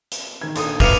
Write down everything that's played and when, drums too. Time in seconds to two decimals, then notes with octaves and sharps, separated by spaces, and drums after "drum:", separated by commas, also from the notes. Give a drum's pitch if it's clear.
0.11 drum: hi-hat
0.41 D#3 G#6
0.55 A#1 A4 D#6, drum: hi-hat
0.80 A#4 B4 E5 F5 D6 C#7 D#7 F7, drum: kick, open hi-hat